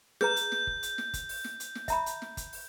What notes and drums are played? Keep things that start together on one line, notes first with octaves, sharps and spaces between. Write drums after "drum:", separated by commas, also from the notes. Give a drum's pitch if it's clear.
G#4 B4 A#5 G6, drum: snare
drum: hi-hat
drum: snare
drum: kick G1
drum: hi-hat
drum: snare
drum: kick G1, hi-hat
drum: open hi-hat
drum: snare
drum: hi-hat
drum: snare
E5 A#5 B5, drum: kick G1, hi-hat
drum: hi-hat
drum: snare
drum: kick G1, hi-hat
drum: open hi-hat